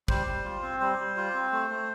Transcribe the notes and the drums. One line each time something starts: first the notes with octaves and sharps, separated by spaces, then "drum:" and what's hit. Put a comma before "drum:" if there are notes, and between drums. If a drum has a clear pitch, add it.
G3 C5, drum: kick G#1
G3
F4
C4
G3 C5
G3
F4
C4
A3
A3